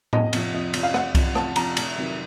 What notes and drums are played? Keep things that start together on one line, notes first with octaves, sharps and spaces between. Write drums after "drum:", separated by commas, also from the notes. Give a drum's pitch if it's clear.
F2 D#5, drum: tom
C3 F3, drum: cymbal
F2
C3 F3, drum: cymbal
F5
F2 F#5, drum: rim click
C3 F3, drum: kick C2, cymbal
F2 A5, drum: rim click
C3 F3 A#5, drum: cymbal
F1, drum: cymbal
F2 C3 D#3 F#3